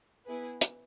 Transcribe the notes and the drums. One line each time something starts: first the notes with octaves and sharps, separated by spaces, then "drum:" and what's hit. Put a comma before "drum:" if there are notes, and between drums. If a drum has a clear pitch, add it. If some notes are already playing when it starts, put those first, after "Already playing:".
B3 E4 G#4 B4
drum: hi-hat